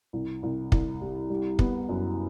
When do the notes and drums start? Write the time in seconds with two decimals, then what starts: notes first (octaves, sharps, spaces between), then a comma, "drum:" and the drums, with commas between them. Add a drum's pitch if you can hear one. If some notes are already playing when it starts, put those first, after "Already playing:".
0.13 C2
0.43 C2
0.72 C2, drum: kick
1.01 G3
1.30 G3
1.59 B3, drum: kick
1.89 F#2